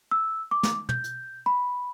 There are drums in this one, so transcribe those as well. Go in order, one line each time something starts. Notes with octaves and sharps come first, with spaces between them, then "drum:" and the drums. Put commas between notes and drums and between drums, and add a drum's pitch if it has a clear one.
E6
D6
drum: snare
G6, drum: tom
drum: hi-hat
B5